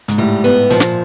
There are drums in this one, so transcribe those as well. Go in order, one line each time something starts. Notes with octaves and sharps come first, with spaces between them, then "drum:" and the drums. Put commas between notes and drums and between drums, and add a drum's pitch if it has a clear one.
G#2, drum: hi-hat
A2 G3
B3
A#2 F3
drum: snare